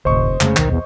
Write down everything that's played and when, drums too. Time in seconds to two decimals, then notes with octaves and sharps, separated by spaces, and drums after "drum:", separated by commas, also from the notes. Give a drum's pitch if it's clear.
0.05 F1 D2 A2 C5 D#5 C#6
0.41 F1 C#3 G#3 A3, drum: clap
0.57 D#1 B1 D#3, drum: clap
0.70 E2